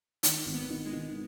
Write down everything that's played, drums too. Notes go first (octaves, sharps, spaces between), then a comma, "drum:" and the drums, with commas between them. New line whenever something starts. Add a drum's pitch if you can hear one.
D#3, drum: hi-hat
G#1
B3
D#3
G#3
D#3